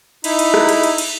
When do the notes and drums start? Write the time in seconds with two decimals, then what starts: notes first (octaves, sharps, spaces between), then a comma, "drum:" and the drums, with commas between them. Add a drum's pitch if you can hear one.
0.24 D#4 E4 B5, drum: cymbal
0.39 drum: cymbal
0.54 drum: rim click
0.69 drum: cymbal
0.83 drum: cymbal
0.98 drum: cymbal